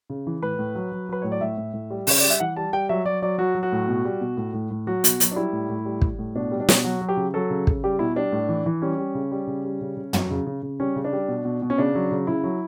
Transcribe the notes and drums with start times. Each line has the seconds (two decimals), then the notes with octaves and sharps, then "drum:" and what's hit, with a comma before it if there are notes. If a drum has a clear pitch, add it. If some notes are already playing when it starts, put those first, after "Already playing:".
0.10 C#3
0.27 E3
0.43 A2 B4
0.59 A2
0.75 F#3
0.92 F#3
1.09 F#3 B4
1.22 A2 C#5
1.32 D5
1.41 A2 E5
1.57 A2
1.74 A2
1.91 G3
2.07 C#3 C#5, drum: open hi-hat
2.20 G3 D5
2.30 E5
2.40 E3 F#5
2.56 G3 A5
2.73 G3 G5
2.89 F#3 E5
3.05 F#3 D5
3.22 F#3 D5
3.38 F#3 F#4
3.55 F#3
3.63 F#4
3.72 A2
3.88 B2
4.05 G3
4.21 B2
4.37 A2
4.53 A2
4.71 A2
4.87 F#3 F#4
5.04 B2, drum: hi-hat
5.20 F#3, drum: hi-hat
5.31 D4
5.36 G3 E4
5.53 A2
5.69 A2
5.86 G3
6.02 G3, drum: kick
6.19 A2
6.35 B2 D4
6.52 G3
6.60 D4
6.69 B2, drum: snare
6.84 F#3 F#4
7.01 F#3
7.09 G4
7.17 C#3
7.34 F#3 A4
7.50 C#3
7.67 C#3, drum: kick
7.84 G3 G4
7.99 B2 E4
8.16 G3 D4
8.32 A2
8.49 E3
8.66 E3
8.82 G3 C#4
8.98 G3
9.15 C#3
9.32 G3
9.47 C#3
9.65 G3
9.81 C#3
9.97 C#3
10.13 F#3, drum: tom
10.30 C#3
10.47 C#3
10.62 C#3
10.80 G3 C#4
10.96 C#3
11.04 D4
11.13 G3
11.28 B2
11.45 B2
11.62 B2
11.70 C#4
11.78 C#3 D4
11.95 F#3
12.11 C#3
12.27 C#3 E4
12.43 F#3